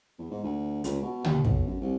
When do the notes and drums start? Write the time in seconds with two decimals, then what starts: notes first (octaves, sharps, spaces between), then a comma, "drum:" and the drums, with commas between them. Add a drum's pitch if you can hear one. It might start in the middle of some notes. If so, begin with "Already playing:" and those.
0.19 E2
0.31 G#2
0.44 D2
0.84 C#2, drum: hi-hat
1.02 B2
1.24 D#2, drum: tom
1.45 B1, drum: kick
1.67 F#2
1.81 C2